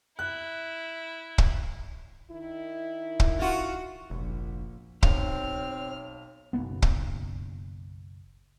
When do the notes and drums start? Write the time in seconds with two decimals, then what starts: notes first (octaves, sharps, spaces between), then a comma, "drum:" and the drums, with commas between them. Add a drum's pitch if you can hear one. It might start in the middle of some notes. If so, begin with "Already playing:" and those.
0.19 E4 F#6
1.38 drum: kick
2.29 D#3 E4
3.20 drum: kick
3.39 F4 F#4
4.10 F1 A#1
5.03 B1 C4 C#5 F6, drum: kick
6.53 F#1 B1 A#3 B3
6.82 drum: kick